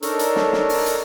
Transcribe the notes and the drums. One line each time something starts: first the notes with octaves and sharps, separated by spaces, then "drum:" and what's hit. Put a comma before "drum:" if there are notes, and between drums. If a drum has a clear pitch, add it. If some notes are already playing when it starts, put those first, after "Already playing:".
D4 D#4 A4 A#4 C#5, drum: hi-hat
drum: hi-hat
drum: snare
drum: snare
drum: open hi-hat
drum: hi-hat